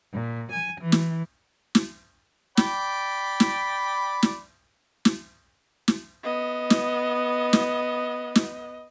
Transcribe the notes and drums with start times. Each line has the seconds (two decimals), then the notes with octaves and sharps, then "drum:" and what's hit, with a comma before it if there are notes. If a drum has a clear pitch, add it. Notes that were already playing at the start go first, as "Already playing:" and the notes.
0.14 A#2
0.51 G#5
0.81 E3
0.92 drum: snare
1.75 drum: snare
2.57 D5 G5 B5, drum: snare
3.40 drum: snare
4.23 drum: snare
5.05 drum: snare
5.88 drum: snare
6.23 B3 D#5
6.70 drum: snare
7.53 drum: snare
8.35 drum: snare